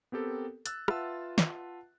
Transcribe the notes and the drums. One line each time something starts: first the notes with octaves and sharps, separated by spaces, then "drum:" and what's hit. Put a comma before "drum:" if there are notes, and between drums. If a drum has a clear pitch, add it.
B3 C4 G4 A4 A#4
E6 F#6 A6, drum: hi-hat
F4 B4 E5 F#5 A5 E6, drum: rim click
drum: snare